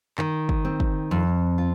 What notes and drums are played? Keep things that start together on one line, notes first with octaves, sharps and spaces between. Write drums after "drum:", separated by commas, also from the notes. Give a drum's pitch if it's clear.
D#3, drum: clap
drum: kick
C4
drum: kick
F2
F4